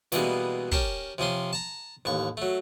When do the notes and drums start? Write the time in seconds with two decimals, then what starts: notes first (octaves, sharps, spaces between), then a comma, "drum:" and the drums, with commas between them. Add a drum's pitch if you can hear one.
0.12 B2 E3 G3 G#3 A#3 B3, drum: snare
0.72 C#4 G4 A#4 A5, drum: kick
1.18 C3 F3 C#4 C6
1.53 A5 A#5
2.05 A1 D#2 C#6
2.37 F#3 A3